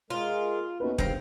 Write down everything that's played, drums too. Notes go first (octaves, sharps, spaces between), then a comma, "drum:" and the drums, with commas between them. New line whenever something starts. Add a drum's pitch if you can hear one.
G#3 F4 G#4 A#4
A3 B3 C#4 D#4 F#4 B4
G1 F#2 C3 D#3 C5 F5 G5 A#6, drum: kick